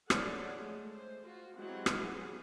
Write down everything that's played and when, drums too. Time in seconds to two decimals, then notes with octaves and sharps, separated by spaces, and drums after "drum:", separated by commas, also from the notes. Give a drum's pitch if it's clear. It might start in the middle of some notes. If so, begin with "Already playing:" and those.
0.10 G#4 A4 C#5 D5 F#5, drum: rim click
0.58 G#3 A3
0.93 C5
1.25 F4 F#4
1.58 E3 F#3 G#3 C4 G4 F#5
1.86 drum: rim click
2.03 B3 G#4